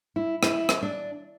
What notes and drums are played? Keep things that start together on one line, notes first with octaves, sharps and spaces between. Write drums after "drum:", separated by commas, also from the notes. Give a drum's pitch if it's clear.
E4
E4, drum: rim click
drum: rim click
D4